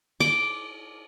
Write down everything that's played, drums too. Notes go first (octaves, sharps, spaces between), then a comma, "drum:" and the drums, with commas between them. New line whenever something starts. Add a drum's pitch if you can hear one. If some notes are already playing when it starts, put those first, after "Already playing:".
D6, drum: cymbal